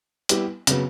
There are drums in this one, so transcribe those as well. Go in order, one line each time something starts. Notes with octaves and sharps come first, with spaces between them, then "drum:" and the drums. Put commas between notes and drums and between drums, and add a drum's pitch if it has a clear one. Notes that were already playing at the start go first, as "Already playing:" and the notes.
G3 B3 E4 G4, drum: hi-hat
C#3 F#3 B3, drum: hi-hat